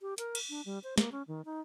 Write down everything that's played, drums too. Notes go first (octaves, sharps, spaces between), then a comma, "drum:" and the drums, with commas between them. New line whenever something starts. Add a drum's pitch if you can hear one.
G4
A#4, drum: hi-hat
drum: cymbal
D4
G3
C5
A#3, drum: snare
C#4
D#3
D#4